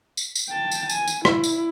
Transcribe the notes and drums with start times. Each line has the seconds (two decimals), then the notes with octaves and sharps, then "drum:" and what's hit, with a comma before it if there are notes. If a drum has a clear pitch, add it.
0.17 drum: tambourine
0.35 drum: tambourine
0.49 G5 A5
0.71 drum: tambourine
0.90 G#5, drum: tambourine
1.08 drum: tambourine
1.25 E4, drum: rim click
1.44 drum: tambourine